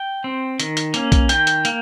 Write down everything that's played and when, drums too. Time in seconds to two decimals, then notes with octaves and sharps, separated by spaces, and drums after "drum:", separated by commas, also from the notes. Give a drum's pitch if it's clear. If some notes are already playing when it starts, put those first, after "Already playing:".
Already playing: G5
0.24 C4
0.60 D#3, drum: hi-hat
0.77 drum: hi-hat
0.94 A#3 C#4, drum: hi-hat
1.12 drum: kick, hi-hat
1.29 D#3 G5, drum: hi-hat
1.47 drum: hi-hat
1.65 A#3, drum: hi-hat